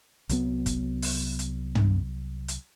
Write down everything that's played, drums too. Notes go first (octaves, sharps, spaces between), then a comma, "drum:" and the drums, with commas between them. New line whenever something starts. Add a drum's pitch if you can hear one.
C2 F#3 B3, drum: hi-hat
drum: kick G1, hi-hat
drum: open hi-hat
drum: hi-hat
drum: tom
drum: hi-hat